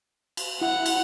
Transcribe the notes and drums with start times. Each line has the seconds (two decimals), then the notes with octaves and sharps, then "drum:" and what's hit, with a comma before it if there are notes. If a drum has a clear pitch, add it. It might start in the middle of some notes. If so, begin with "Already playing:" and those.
0.37 drum: cymbal
0.61 E4 F#5
0.86 drum: cymbal